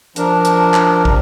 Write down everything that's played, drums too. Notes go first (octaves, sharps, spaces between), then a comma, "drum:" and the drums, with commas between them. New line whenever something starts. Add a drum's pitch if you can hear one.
F3 D4 A#4, drum: hi-hat
drum: hi-hat
drum: clap
C3, drum: kick